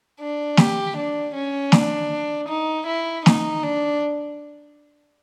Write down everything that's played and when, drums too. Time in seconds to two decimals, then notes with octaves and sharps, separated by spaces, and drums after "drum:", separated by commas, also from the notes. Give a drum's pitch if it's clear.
0.20 D4
0.57 G4, drum: snare
0.97 D4
1.35 C#4
1.72 D4, drum: snare
2.49 D#4
2.87 E4
3.26 D#4, drum: snare
3.63 D4